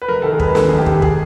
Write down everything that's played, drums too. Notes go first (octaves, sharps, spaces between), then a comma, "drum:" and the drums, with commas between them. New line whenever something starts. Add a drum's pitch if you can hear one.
B4
F1 A#4
D#3 A4
G#4
G#3 B4, drum: kick
A#4
D#2 A4, drum: snare
F1 G#4
G4
D#3, drum: kick
G#4, drum: kick